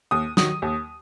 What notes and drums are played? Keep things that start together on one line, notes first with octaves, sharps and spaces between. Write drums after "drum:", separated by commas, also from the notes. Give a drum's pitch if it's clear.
D#2 D#6
D#3 F#3 D#6, drum: snare
D#2